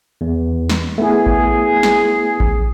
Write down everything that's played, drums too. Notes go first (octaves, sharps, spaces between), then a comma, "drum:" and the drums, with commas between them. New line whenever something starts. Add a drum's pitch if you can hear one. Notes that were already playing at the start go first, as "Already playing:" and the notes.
E2
drum: snare
A3 B3 E4 G#4
drum: kick A1
drum: snare
drum: kick A1